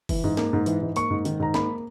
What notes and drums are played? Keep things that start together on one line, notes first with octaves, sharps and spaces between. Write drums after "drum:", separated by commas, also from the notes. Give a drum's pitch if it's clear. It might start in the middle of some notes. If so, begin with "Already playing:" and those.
E3, drum: kick, open hi-hat
G#2
A#3, drum: snare
G#2
E3, drum: hi-hat
G#2
A#3 C#6, drum: hi-hat
G#2
D#3, drum: hi-hat
G#2 A#5
A#3 B5, drum: snare